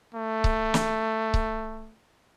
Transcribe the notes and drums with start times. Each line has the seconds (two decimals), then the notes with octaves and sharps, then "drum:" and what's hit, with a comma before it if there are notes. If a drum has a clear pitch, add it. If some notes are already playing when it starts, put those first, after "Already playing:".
0.15 A3
0.44 drum: kick C#1
0.74 drum: snare
1.34 drum: kick C#1